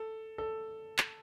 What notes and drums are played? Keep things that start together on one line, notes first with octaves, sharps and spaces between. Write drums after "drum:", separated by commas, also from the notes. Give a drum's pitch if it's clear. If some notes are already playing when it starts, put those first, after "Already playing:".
Already playing: A4
A4
drum: clap